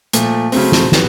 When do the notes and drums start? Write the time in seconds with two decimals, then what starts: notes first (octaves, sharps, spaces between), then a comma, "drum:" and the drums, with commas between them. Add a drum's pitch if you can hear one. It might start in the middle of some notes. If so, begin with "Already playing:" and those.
0.13 A#2 F3 A3, drum: hi-hat
0.52 C#3 F#3 A3 C4, drum: open hi-hat
0.72 drum: snare
0.92 G3 B3, drum: snare